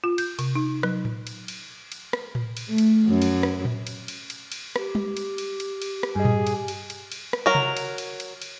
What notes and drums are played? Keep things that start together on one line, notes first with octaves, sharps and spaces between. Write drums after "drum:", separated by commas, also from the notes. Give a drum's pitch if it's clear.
F4
G6, drum: cymbal
C3, drum: cymbal
D#4
F#3, drum: rim click
drum: tom A2
drum: cymbal
drum: cymbal
drum: cymbal
drum: rim click
drum: tom A2
drum: cymbal
A3
drum: cymbal
F#2
drum: cymbal
drum: rim click
drum: tom A2
drum: cymbal
drum: cymbal
drum: cymbal
drum: cymbal
G4, drum: rim click
drum: tom
drum: cymbal
drum: cymbal
drum: cymbal
drum: cymbal
drum: rim click
G2 G#4 D#5
drum: tom A2
drum: cymbal
drum: cymbal
drum: cymbal
drum: cymbal
drum: rim click
F#3 A#4
drum: tom C3
drum: cymbal
drum: cymbal
drum: cymbal
drum: cymbal